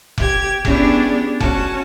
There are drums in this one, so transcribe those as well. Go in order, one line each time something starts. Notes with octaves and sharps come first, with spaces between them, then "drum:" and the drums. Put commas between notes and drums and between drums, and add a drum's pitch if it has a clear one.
G4 G#6, drum: kick F1
B3 C#4 D4 E4 G4 G#4, drum: kick F1
C#4 F#4 A5, drum: kick F1